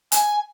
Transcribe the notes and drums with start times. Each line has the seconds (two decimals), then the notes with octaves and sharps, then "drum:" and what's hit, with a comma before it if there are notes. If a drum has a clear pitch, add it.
0.12 G#5, drum: hi-hat